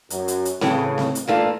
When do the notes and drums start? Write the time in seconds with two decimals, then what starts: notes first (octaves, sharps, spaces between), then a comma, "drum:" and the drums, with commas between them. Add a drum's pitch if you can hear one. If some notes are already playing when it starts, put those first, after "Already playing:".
0.10 F#2, drum: hi-hat
0.28 drum: hi-hat
0.45 drum: hi-hat
0.61 A2 C#3 E3, drum: snare C4
0.98 drum: snare C4
1.15 drum: hi-hat
1.28 G2 E3 A3 A#3 F4 F5